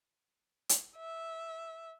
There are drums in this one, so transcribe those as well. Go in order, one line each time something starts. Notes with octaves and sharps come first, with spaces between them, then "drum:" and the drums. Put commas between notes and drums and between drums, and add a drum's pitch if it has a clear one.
drum: hi-hat
E5